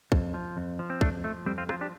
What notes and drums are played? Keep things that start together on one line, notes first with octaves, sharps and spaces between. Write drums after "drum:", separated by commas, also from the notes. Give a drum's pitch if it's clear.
F2, drum: kick
F3
F2
F3
C4
F2 A3 D4, drum: kick
F3 A3
F2 G3 C4
C4 F4
D3 C4 F4, drum: rim click
F3
D4 G4